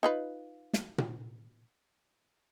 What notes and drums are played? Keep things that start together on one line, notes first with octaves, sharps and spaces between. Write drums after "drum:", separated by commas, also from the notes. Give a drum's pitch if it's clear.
D#4 F4 B4
drum: snare
drum: tom A#2